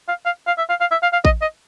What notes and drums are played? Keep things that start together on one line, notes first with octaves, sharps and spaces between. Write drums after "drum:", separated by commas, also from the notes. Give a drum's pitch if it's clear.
F5
F5
F5
E5
F5
F5
E5
F5
F5
D#5, drum: kick A1
D#5